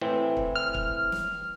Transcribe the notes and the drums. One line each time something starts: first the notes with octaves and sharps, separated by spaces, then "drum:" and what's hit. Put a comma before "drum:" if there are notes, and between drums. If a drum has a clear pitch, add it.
A2 E3 C4
drum: kick
F6
drum: kick
drum: snare